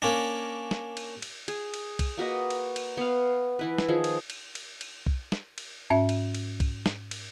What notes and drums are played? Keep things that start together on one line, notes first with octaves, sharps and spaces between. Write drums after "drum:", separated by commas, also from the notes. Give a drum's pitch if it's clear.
A#3 C#4 D4
drum: snare
drum: cymbal
drum: cymbal
G#4, drum: cymbal
drum: cymbal
drum: kick, cymbal
A#3 F#4 B4 D#5
drum: cymbal
drum: cymbal
B3 F5
E3 E4 B4
drum: snare
D#3 F3 G#4
drum: cymbal
drum: cymbal
drum: cymbal
drum: cymbal
drum: kick
drum: snare
drum: cymbal
G#2 C#4 E5
drum: cymbal
drum: cymbal
drum: kick, cymbal
drum: snare
drum: cymbal